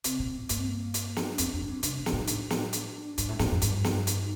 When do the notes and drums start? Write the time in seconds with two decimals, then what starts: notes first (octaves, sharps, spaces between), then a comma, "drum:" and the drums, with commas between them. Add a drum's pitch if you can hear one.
0.04 C3 C4, drum: hi-hat
0.19 A#2
0.35 A2
0.49 G2 A#3, drum: hi-hat
0.59 C4
0.69 A#3
0.94 drum: hi-hat
1.16 drum: snare
1.33 D4
1.38 F2 C4, drum: hi-hat
1.53 F2 D4
1.62 A2
1.68 G2 C4
1.83 C3 D4, drum: hi-hat
1.99 A#2
2.06 D#4, drum: snare
2.13 A2
2.28 D4, drum: hi-hat
2.50 drum: snare
2.73 drum: hi-hat
3.18 G2, drum: hi-hat
3.29 A2
3.39 A2, drum: snare
3.51 F2
3.62 G2, drum: hi-hat
3.84 drum: snare
4.07 D#4, drum: hi-hat